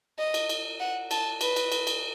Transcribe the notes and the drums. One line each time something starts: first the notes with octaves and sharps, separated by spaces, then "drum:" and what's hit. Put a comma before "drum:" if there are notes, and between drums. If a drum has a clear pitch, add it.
D#5
drum: cymbal
drum: cymbal
F#5
A5, drum: cymbal
B4, drum: cymbal
drum: cymbal
drum: cymbal
drum: cymbal